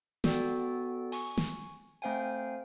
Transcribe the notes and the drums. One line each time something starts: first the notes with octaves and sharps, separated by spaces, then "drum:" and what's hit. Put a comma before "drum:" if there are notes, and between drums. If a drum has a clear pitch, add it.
B3 F#4 A4 D5 G5, drum: snare
G#5 C#6, drum: open hi-hat
drum: snare
A3 C4 C5 F5 G5 G#5